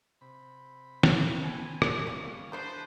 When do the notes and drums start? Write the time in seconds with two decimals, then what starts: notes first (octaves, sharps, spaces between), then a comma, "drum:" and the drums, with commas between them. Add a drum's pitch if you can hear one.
0.21 C3 B5
1.03 drum: snare
1.44 G#5
1.82 drum: rim click
2.07 G3 C#4 F4 D5 F5
2.52 G#3 D4 E4 B4 C5 A5